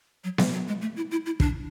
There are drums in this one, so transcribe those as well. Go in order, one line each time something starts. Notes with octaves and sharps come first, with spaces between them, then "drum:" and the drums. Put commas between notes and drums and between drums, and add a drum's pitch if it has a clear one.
F#3
G#3, drum: snare B3
F#3
G#3
A3
E4
E4
E4
D4, drum: kick